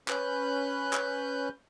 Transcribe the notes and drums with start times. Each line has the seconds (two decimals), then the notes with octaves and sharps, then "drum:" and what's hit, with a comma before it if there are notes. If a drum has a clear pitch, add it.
0.08 C#4 B4 F#6 G6, drum: clap
0.93 drum: clap